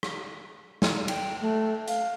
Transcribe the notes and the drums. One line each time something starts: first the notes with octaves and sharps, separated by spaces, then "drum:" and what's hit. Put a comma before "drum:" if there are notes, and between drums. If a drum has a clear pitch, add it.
drum: rim click
drum: snare
G5, drum: cymbal
A3
F5, drum: hi-hat